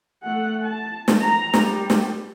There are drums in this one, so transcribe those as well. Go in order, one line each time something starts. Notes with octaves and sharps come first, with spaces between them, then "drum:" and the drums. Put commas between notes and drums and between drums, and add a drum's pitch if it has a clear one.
A3 F#5
A5
drum: snare
A#5
G3, drum: snare
drum: snare